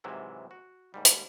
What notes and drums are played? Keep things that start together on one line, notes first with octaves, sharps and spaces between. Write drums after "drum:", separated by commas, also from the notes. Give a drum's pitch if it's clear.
G#2 C3 E3 F#3 E4
F#4
D#2 G#2 G3
drum: hi-hat